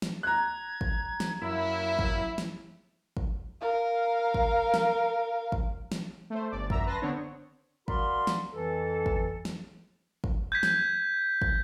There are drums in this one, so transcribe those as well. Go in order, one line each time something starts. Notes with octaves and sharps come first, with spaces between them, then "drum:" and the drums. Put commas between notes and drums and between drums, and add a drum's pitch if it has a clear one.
drum: snare
A#5 F#6 G#6
drum: kick
drum: snare
F#2 A#3 E4 E6
drum: kick
drum: snare
drum: kick
A#4 F5
drum: kick
drum: snare
drum: kick
drum: snare
A3 C5
G1 D5
F#2 E5 A#5 E6, drum: kick
B4 A5 C6 A#6
D3 B3 C4 D4 C#5
F#4 A#4 D5 F5 B5 C6, drum: kick
drum: snare
F2 E3 A4
drum: kick
drum: snare
drum: kick
G6 G#6 B6
drum: snare
drum: kick